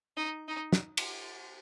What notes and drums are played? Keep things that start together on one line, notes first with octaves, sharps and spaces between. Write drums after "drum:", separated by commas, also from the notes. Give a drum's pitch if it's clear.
D#4
D#4
drum: snare
drum: cymbal